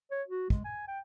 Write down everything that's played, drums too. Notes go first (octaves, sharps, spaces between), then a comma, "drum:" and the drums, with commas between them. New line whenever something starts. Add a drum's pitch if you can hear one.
C#5
F#4
G#3, drum: kick
G#5
G5